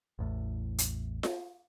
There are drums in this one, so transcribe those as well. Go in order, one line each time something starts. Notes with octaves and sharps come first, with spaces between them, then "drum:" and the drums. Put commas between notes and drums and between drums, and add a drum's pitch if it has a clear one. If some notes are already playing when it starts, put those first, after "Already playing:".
A1 E2 A2
drum: hi-hat
drum: snare F4